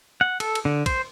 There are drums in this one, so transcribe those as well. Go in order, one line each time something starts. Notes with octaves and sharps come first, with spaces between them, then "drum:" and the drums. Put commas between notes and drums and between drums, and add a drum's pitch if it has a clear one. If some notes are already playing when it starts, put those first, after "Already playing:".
F#5
A4, drum: cymbal
drum: cymbal
D3
C5, drum: kick, cymbal